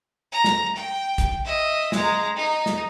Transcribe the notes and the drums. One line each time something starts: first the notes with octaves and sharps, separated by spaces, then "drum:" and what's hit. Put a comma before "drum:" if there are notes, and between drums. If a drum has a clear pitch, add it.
A#5
drum: snare
G5
drum: kick, hi-hat
D#5 E5
G#3 A#5, drum: snare
D#4
drum: snare